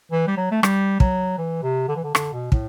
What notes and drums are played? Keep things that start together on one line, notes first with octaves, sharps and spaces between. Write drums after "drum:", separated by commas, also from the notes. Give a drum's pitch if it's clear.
E3
G3
F#3
A3
G3, drum: rim click
F#3, drum: kick
E3
C3
D3
E3
D3
D3, drum: rim click
B2
A2, drum: kick